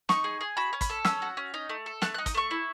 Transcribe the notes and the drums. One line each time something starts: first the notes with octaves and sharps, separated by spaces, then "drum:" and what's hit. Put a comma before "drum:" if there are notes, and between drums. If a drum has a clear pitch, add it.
D#4 C#6, drum: snare
G#4
G#4
F#4 B5
C#4
B5, drum: kick, hi-hat
A4
C#4 E6, drum: snare
F#4
C#4
D#4
A3
A4
A3 F#6, drum: snare
F#6
D#4
D#6, drum: kick, hi-hat
A3 C#6
E4